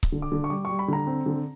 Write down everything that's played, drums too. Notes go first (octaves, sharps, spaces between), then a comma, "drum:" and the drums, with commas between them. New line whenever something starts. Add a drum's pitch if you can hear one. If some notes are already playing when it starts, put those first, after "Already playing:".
drum: kick C#1
D3
D6
D3
C#6
G3 D6
G3 C#6
B5
D3 A#5
C4
D3